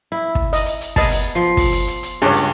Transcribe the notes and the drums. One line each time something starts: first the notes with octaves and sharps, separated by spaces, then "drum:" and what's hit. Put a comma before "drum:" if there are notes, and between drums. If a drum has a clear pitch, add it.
E4 E5
drum: kick
D#5, drum: hi-hat
drum: hi-hat
drum: hi-hat
B3 G#4 D#5 A5, drum: kick, open hi-hat
drum: hi-hat
F3 C6 C7
drum: kick, open hi-hat
drum: hi-hat
drum: hi-hat
drum: hi-hat
C#2 G2 G#4 C#5
drum: hi-hat